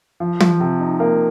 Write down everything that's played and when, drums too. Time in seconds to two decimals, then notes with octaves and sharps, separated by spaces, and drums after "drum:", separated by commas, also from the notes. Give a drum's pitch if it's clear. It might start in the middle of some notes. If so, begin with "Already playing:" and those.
0.20 F3
0.40 F3, drum: tom
0.60 C3
0.80 D#4
1.00 A#3